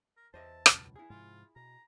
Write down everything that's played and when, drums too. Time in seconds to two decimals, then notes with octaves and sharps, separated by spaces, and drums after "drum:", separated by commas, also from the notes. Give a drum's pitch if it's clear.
0.17 A#4
0.34 E2 C5 D#5 E5 A5
0.66 C#2 F#2 B2, drum: rim click
0.96 E4 G#4
1.10 G#2 C3 F3 F4
1.56 B2 A#5